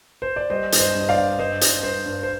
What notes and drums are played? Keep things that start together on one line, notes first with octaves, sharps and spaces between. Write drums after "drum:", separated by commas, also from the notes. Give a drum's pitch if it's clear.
C5
D5
G3 C5 D#5
G2, drum: hi-hat
C5 D#5
G2
D#5
D5 F5
G2
G2 C5 D#5
G2, drum: hi-hat
G2 C5
G2
C5